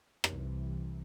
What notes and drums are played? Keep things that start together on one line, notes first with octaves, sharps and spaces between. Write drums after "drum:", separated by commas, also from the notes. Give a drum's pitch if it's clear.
C2 C3 E3, drum: rim click